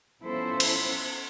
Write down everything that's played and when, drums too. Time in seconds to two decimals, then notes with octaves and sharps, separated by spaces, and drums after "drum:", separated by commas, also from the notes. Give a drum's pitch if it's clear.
0.23 F3 B3 C#4 E4 A4 C5
0.60 drum: cymbal